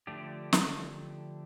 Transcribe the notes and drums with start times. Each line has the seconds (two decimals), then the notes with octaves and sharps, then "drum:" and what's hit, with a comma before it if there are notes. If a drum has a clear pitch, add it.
0.07 D3 F3 A3 D4 G4
0.53 drum: snare